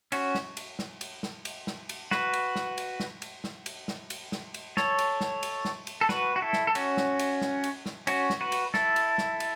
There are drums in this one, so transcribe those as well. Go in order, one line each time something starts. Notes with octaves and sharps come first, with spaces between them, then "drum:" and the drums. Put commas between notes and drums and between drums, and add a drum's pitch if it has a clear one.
C#4 F#4, drum: cymbal
drum: snare
drum: cymbal
drum: snare
drum: cymbal
drum: snare
drum: cymbal
drum: snare
drum: cymbal
F#4 B4, drum: snare
drum: cymbal
drum: snare
drum: cymbal
drum: snare
drum: cymbal
drum: snare
drum: cymbal
drum: snare
drum: cymbal
drum: snare
drum: cymbal
A4 C#5, drum: snare
drum: cymbal
drum: snare
drum: cymbal
drum: snare
drum: cymbal
A4
F#4 B4, drum: snare
F#4
E4 A4
drum: snare
A4
C#4 F#4, drum: cymbal
drum: snare
drum: cymbal
drum: snare
drum: cymbal
drum: snare
C#4 F#4, drum: cymbal
drum: snare
F#4 B4
drum: cymbal
E4 A4, drum: snare
drum: cymbal
drum: snare
drum: cymbal